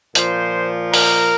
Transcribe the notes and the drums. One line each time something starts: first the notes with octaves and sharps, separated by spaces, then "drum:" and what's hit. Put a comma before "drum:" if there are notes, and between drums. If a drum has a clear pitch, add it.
A#2 F3 C5, drum: hi-hat
A#4, drum: open hi-hat